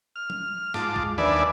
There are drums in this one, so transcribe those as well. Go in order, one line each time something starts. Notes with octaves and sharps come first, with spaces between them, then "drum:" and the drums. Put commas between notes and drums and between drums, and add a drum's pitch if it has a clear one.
F6
drum: tom F3
G#2 F4 A5 D6, drum: snare
drum: kick
D#2 D4 B4 D5 E5 G#5, drum: tom F3